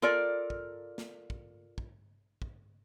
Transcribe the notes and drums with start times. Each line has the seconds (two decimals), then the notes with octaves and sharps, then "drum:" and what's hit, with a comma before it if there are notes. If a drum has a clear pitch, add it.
0.02 F4 A4 A#4 D5
0.50 drum: kick
0.98 drum: snare
1.30 drum: kick
1.78 drum: kick
2.42 drum: kick